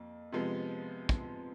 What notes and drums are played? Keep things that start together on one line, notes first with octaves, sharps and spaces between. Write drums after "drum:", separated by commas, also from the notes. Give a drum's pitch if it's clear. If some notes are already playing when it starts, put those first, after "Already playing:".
Already playing: F2 A#3
C3 F3 G#3 B3
drum: kick